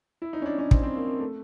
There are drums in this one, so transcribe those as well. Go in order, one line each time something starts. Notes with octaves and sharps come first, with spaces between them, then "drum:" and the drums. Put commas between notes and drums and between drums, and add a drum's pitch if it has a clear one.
E4
D#4
C#4
D4
C#4
C4, drum: kick
C4
A#3
A#3
A3